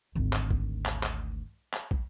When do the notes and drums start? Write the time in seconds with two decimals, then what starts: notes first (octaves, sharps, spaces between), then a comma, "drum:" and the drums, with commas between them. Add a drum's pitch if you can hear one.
0.15 G#1 D2
0.33 drum: clap
0.51 drum: kick
0.86 drum: clap
1.03 drum: clap
1.73 drum: clap
1.91 drum: kick